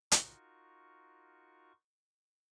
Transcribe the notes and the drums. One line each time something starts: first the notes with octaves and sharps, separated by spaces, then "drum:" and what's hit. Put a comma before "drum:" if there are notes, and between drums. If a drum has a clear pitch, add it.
D#4 F4 F#4 A#4 C#6, drum: hi-hat